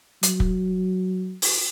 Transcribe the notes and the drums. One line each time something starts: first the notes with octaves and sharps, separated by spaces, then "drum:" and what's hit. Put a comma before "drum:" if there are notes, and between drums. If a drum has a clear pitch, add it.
F#3, drum: hi-hat
drum: kick
drum: open hi-hat